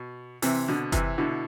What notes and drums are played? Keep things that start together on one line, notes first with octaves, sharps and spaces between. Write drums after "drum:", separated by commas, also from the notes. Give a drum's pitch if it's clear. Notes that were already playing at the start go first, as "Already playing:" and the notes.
Already playing: B2
C3 E3 C4, drum: open hi-hat
B2 D3
C3 E3, drum: kick F#1, hi-hat
B2 D3 E4